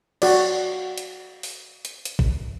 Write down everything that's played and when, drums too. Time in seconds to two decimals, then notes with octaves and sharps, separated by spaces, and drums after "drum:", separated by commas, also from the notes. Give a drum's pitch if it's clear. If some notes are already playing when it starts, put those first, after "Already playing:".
0.22 F#4 D5, drum: cymbal
0.98 drum: hi-hat
1.43 drum: open hi-hat
1.85 drum: hi-hat
2.05 drum: hi-hat
2.19 drum: kick